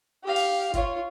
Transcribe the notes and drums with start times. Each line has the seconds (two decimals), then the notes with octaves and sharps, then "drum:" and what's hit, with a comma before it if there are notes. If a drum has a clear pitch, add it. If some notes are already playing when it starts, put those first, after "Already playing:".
0.24 G4 F5
0.36 drum: open hi-hat
0.74 F4 C#5, drum: kick G#1, hi-hat